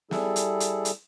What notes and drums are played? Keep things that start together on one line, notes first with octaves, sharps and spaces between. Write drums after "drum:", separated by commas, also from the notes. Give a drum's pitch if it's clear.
G3 E4 G#4 A4, drum: snare
drum: hi-hat
drum: hi-hat
drum: hi-hat